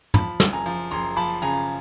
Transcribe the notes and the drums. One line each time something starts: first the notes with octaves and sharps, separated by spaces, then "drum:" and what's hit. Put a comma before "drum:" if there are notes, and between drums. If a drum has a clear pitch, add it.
F3 A5 B5, drum: tom
F#1, drum: snare
G#5 A#5
F3
F#1 A#5 C6
F3 A5 B5
C#3 G#5 A#5